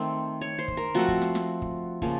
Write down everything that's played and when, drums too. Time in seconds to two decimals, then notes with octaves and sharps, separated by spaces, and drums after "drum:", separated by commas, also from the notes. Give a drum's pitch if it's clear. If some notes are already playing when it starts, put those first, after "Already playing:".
Already playing: D#3 A3 C4
0.41 C#5
0.58 C5
0.68 drum: kick
0.77 A#4
0.95 F3 A3 C4 F#4
1.08 drum: kick
1.22 drum: snare
1.35 drum: snare
1.62 drum: kick
2.02 C#3 F3 A#3 C#4, drum: kick